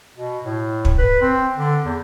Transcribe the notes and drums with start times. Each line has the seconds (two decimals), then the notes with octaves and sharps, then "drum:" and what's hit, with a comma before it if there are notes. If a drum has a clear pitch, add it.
0.15 B2
0.45 A2
0.85 drum: kick
0.98 B4
1.22 C4
1.57 D3
1.85 E2